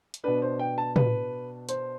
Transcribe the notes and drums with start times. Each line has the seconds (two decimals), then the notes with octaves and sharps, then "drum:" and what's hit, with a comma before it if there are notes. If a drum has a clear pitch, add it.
0.14 drum: hi-hat
0.24 B2 B3 D4 B4
0.42 C5
0.59 G5
0.78 A5
0.96 B4, drum: tom
1.69 C5, drum: hi-hat